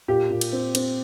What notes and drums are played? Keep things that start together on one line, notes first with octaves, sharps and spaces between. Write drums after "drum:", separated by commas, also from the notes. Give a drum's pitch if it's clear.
A#2 G4
A#2
drum: cymbal
C4
C4, drum: cymbal